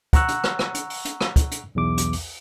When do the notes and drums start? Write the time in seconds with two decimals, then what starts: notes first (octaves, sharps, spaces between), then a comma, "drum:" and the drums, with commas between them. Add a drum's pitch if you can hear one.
0.13 F#5 A#5 C#6 E6 F#6, drum: kick, hi-hat
0.28 drum: hi-hat
0.44 drum: rim click
0.59 drum: rim click
0.74 drum: hi-hat
0.90 drum: open hi-hat
1.05 drum: hi-hat
1.21 drum: rim click
1.36 drum: kick, hi-hat
1.51 drum: hi-hat
1.75 B1 E2 D6
1.97 drum: hi-hat
2.13 drum: open hi-hat